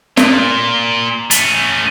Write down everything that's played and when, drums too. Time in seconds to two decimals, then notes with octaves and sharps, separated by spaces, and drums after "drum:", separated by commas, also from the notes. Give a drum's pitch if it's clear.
0.17 A#2, drum: snare
1.31 A3 C#4, drum: hi-hat